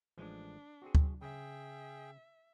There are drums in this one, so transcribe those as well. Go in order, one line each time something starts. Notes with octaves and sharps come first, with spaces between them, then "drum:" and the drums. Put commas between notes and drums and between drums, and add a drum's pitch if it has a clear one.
A1 F3 G#3 D4
C4 F#4 G#4
drum: kick D2
C#3 G#4 E5 G5